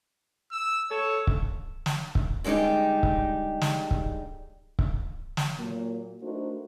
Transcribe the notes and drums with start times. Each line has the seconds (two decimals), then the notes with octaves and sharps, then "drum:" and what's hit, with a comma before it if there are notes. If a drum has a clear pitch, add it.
0.52 E6
0.91 A4 C#5
1.27 drum: kick C#1
1.86 drum: snare
2.15 drum: kick C#1
2.44 D3 G3 G#3 D#4 G4
3.03 drum: kick C#1
3.61 drum: snare
3.91 drum: kick C#1
4.79 drum: kick C#1
5.37 drum: snare
5.58 A#2 F#3 A#3
6.22 A3 D4 D#4 F#4 A#4 C5